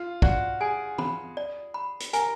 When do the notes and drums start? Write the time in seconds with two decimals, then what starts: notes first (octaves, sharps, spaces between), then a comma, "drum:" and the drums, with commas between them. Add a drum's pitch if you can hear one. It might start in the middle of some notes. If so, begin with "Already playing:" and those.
Already playing: F4
0.22 F#4 D5, drum: kick
0.61 G#4 G#5
0.98 B5, drum: tom
1.37 D5
1.74 B5
2.00 drum: hi-hat
2.13 A#4 G#5, drum: hi-hat